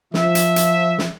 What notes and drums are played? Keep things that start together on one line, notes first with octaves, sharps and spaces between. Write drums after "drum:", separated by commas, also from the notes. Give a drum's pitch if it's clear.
F3 E5, drum: snare
drum: hi-hat
drum: hi-hat
drum: snare